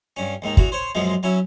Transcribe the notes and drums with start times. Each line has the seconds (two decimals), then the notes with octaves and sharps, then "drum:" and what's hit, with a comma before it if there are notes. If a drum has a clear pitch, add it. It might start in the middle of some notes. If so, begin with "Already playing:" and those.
0.17 G2 C#4
0.42 D#2 G#2 D#3
0.57 E2 E3 F#4, drum: kick
0.72 C5 C#5
0.95 F#2 B2 F3 G#3
1.23 F#3 C#4 E4